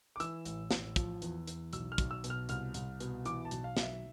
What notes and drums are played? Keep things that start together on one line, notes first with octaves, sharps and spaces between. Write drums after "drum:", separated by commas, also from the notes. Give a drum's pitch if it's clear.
D6
E3 E6, drum: hi-hat
A1, drum: hi-hat
A1, drum: snare
F3, drum: kick, hi-hat
E2, drum: hi-hat
E2, drum: hi-hat
B1 E6, drum: hi-hat
F6
B1, drum: kick, hi-hat
E6
B2, drum: hi-hat
F6
C2 F6, drum: hi-hat
C2, drum: hi-hat
B2, drum: hi-hat
E3 D6, drum: hi-hat
A5
B1, drum: hi-hat
F5
B1, drum: snare
E5